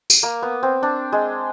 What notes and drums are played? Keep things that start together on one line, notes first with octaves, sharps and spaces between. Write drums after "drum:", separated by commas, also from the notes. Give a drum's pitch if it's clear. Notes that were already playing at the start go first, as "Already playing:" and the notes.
drum: tambourine
A#3
B3
C4
D4
G#3